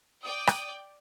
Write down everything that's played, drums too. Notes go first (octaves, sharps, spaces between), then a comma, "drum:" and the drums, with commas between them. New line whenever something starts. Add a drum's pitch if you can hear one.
D5 G5 D#6
drum: rim click